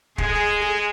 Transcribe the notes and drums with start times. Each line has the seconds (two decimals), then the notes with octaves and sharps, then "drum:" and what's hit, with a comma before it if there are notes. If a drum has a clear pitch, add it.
0.18 G#3 G#4, drum: kick